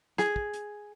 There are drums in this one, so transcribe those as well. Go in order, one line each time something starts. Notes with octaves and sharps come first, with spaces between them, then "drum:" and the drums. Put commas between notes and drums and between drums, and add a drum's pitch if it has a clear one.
G#4, drum: snare
drum: kick
drum: hi-hat